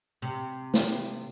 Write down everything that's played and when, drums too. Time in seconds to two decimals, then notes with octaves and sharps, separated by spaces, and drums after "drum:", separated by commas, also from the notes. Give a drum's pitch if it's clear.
0.22 C3
0.74 drum: snare